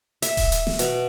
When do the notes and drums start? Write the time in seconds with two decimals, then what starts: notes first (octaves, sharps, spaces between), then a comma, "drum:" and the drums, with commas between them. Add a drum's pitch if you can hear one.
0.22 E5, drum: hi-hat
0.37 drum: kick D#1, open hi-hat
0.52 drum: hi-hat
0.67 drum: snare
0.79 B2, drum: hi-hat